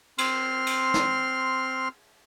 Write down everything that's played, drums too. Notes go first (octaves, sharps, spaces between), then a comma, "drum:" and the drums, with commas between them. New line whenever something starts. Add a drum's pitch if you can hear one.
C4 C6 F6, drum: cymbal
drum: cymbal
drum: snare